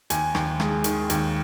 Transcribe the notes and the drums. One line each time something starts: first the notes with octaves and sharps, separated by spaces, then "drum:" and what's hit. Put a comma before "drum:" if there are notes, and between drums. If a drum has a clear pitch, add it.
D#2 G#5, drum: hi-hat
D#2, drum: rim click
G#3, drum: rim click
D#3, drum: hi-hat
D#2, drum: hi-hat